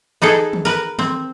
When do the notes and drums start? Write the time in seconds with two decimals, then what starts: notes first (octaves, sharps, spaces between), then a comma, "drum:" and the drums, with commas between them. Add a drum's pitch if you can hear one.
0.22 B3 D#4 G#4 A4
0.53 drum: tom D#3
0.65 A#4 B4
0.99 C4, drum: tom D#3